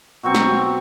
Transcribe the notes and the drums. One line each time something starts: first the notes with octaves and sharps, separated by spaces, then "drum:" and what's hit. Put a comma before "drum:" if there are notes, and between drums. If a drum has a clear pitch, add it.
B2 F#3 C4 C#6
drum: snare